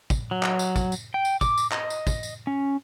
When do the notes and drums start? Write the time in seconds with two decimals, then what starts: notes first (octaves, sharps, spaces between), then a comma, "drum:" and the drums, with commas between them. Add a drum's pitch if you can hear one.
0.10 drum: kick, tambourine
0.31 F#3
0.43 drum: clap
0.59 drum: tambourine
0.76 drum: kick, tambourine
0.92 drum: tambourine
1.14 G5
1.25 drum: tambourine
1.41 D6, drum: kick, tambourine
1.58 drum: tambourine
1.72 D#5, drum: clap
1.90 drum: tambourine
2.07 drum: kick, tambourine
2.23 drum: tambourine
2.47 C#4